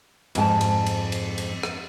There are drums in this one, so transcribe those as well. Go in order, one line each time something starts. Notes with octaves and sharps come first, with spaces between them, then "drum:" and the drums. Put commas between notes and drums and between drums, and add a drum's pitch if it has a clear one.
F2 G#2 G#5 A5, drum: cymbal
drum: cymbal
drum: cymbal
drum: cymbal
drum: cymbal
drum: rim click